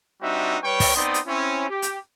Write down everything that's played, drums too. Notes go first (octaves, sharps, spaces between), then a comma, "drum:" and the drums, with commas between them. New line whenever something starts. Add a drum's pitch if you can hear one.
G3 C4 D4 D#4 F#4 E5
G3 B4 C#5 G5 C#6
drum: kick, open hi-hat
B3 C4 D#4 D5 C6 D#6
drum: hi-hat
C4 C#4 E4
G4
drum: hi-hat